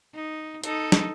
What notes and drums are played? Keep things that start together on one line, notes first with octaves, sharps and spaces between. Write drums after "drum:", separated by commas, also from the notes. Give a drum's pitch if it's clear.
D#4
D#4 A4, drum: hi-hat
drum: snare